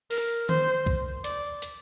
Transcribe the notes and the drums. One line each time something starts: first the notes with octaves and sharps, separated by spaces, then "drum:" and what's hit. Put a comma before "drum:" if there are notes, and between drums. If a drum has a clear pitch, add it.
A#4, drum: open hi-hat
C5, drum: tom D#3
drum: kick C2
D5, drum: hi-hat
drum: hi-hat